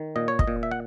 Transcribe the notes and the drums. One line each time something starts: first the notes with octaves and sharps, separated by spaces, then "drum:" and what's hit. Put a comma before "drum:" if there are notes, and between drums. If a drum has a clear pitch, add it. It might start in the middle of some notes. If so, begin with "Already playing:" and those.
Already playing: D#3
A#2 D#5
C#5
D#5, drum: kick
A#2
E5
F#5